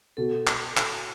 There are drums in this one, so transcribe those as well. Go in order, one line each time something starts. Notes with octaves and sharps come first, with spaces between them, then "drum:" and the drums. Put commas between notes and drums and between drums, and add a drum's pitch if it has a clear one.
B2 A4
drum: clap
drum: clap